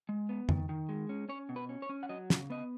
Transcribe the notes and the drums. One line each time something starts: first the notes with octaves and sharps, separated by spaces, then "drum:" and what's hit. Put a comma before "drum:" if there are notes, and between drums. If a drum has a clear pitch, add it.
G#3
B3
D#3, drum: tom F2
D#3
G#3
C#4
C#4 C#5
B2
B4
C#4
C#5
C#4
F#5
F#3 D#5
C#3, drum: snare
B3 D#5